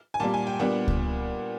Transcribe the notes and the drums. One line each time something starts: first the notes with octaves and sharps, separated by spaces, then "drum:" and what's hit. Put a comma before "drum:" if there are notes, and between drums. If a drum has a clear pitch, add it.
G#5
A#2 G3 A#3 A5
G#5
G5
A#2 G3 B3 D4 F#5
drum: kick C#2